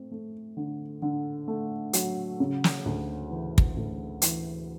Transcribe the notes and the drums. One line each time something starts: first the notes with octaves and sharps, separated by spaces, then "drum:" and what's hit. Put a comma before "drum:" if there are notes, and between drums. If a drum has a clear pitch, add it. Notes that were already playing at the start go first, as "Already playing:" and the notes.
Already playing: A3 C4
A3
D3
D3
A3
F#3, drum: hi-hat
C#3
drum: snare
D2
E3
drum: kick
D2
E3, drum: hi-hat